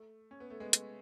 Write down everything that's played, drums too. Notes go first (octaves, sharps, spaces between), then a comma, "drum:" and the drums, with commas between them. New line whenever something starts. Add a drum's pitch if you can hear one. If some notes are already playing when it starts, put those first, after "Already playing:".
Already playing: A3
C#4
B3
A3
G#3 B3
drum: hi-hat